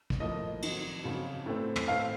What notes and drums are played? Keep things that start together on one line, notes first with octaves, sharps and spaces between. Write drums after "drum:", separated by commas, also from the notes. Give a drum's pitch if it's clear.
drum: kick
A2 F3 A#3 D#5
F2 D#3 F#3, drum: cymbal
F2 C#3 F#3
A2 A3 C4
drum: tom
A2 A3 C4 F5